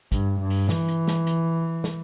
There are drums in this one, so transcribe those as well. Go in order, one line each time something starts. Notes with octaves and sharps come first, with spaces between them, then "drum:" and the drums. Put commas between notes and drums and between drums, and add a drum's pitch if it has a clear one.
G2, drum: kick, hi-hat
G2
drum: open hi-hat
E3, drum: snare
drum: hi-hat
drum: snare
drum: hi-hat
drum: snare